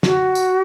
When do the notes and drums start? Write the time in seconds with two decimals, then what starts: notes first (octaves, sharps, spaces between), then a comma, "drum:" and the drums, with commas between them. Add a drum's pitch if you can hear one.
0.03 F#4, drum: snare
0.35 drum: tambourine